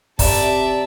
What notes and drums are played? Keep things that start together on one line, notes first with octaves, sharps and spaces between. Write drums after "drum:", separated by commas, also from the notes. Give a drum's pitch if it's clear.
C3 D5 E5 A5 A#5 E7, drum: kick, open hi-hat